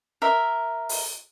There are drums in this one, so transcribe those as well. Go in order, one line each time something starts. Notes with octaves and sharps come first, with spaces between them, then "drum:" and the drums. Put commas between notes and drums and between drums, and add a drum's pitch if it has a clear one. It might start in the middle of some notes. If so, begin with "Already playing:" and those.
A#4 E5
drum: open hi-hat